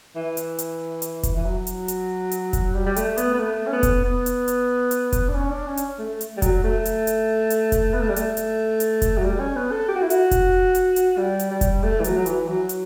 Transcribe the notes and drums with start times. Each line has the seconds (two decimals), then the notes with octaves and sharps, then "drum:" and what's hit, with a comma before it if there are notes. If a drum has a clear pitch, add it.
0.16 E3
0.37 drum: hi-hat
0.59 drum: hi-hat
1.02 drum: hi-hat
1.23 drum: kick F1, hi-hat
1.37 E3
1.45 F#3
1.67 drum: hi-hat
1.88 drum: hi-hat
2.31 drum: hi-hat
2.53 drum: kick F1, hi-hat
2.74 G3
2.86 G3
2.96 A3, drum: hi-hat
3.18 B3, drum: hi-hat
3.34 B3
3.40 A3
3.67 C#4
3.73 B3
3.83 drum: kick F1, hi-hat
4.05 B3
4.26 drum: hi-hat
4.48 drum: hi-hat
4.91 drum: hi-hat
5.13 drum: kick F1, hi-hat
5.29 D4
5.34 C#4
5.50 D4
5.67 C#4
5.77 drum: hi-hat
5.99 A3
6.21 drum: hi-hat
6.37 G3
6.42 F#3, drum: kick F1, hi-hat
6.64 A3
6.85 drum: hi-hat
7.07 drum: hi-hat
7.50 drum: hi-hat
7.72 drum: kick F1, hi-hat
7.94 B3
8.01 A3
8.09 G3
8.16 A3, drum: hi-hat
8.37 drum: hi-hat
8.80 drum: hi-hat
9.02 drum: kick F1, hi-hat
9.17 F#3
9.24 G3
9.40 C#4
9.56 B3
9.71 A4
9.88 G4
9.96 F#4
10.02 E4
10.10 F#4, drum: hi-hat
10.31 drum: kick F1, hi-hat
10.75 drum: hi-hat
10.96 drum: hi-hat
11.18 G3
11.39 drum: hi-hat
11.51 G3
11.61 drum: kick F1, hi-hat
11.83 A3
12.00 E3
12.04 F#3, drum: hi-hat
12.16 F#3
12.26 E3, drum: hi-hat
12.48 F#3
12.69 drum: hi-hat